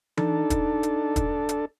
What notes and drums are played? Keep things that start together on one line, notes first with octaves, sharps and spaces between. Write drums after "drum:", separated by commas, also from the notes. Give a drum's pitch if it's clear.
D4 D#4 A4, drum: tom E3
drum: kick, hi-hat
drum: hi-hat
drum: kick, hi-hat
drum: hi-hat